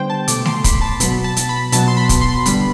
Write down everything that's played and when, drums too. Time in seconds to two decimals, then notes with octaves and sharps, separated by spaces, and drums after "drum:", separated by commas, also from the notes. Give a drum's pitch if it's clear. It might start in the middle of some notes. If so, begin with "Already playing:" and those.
Already playing: D3 G3 B3 C5 G5
0.10 A5
0.28 B2 A3 D6, drum: hi-hat
0.45 C6, drum: snare A3
0.64 B5, drum: kick, hi-hat
0.81 A5
1.00 B2 F#3 B3 B5, drum: hi-hat
1.24 A5
1.37 drum: hi-hat
1.49 B5
1.72 B2 F#3 B3 A5, drum: hi-hat
1.88 C6
1.97 B5
2.09 drum: kick, hi-hat
2.21 C6
2.46 D3 G3 B3 B5, drum: hi-hat